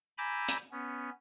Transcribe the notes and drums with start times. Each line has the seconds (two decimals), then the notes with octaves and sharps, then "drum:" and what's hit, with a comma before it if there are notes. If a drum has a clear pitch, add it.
0.18 G#5 A#5 B5 D6 E6 G6
0.48 drum: hi-hat
0.71 B3 C#4